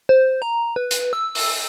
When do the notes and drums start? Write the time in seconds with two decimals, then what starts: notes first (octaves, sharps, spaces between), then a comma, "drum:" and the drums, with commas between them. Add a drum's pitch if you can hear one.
0.09 C5
0.42 A#5
0.76 B4
0.91 drum: hi-hat
1.13 E6
1.35 drum: open hi-hat